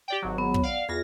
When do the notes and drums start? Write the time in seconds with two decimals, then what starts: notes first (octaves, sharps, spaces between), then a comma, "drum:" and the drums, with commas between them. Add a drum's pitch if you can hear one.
0.08 G4 D5 G5
0.22 G#1 F#3
0.38 B3
0.54 drum: kick
0.63 D5 F5 F#5
0.89 E2 F4 G#4 A#6